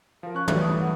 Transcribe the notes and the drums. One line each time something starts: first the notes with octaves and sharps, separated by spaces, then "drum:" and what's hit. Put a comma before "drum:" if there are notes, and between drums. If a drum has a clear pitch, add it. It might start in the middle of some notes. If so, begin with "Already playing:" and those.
F3 A#4 F5
C#4 C#6 F#6
E3 F#3 G3 A3 C#5, drum: tom
D#6
F#5